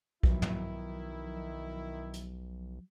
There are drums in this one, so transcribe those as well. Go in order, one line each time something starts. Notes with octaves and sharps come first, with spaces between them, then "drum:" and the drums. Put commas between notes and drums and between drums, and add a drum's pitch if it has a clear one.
B1 D#3 F3 F#3 E4, drum: kick A#1
drum: tom
drum: hi-hat